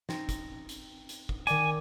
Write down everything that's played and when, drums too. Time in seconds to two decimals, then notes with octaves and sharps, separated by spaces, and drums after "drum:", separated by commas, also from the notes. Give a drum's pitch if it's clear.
0.09 C4 D#4 A#6, drum: snare
0.29 drum: kick, hi-hat
0.69 drum: hi-hat
1.09 drum: hi-hat
1.29 drum: kick
1.47 D#3 D5 G#5 D6, drum: hi-hat